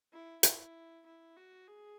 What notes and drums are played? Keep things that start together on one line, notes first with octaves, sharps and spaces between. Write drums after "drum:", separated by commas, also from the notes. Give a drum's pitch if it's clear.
E4
E4, drum: hi-hat
E4
F#4
G#4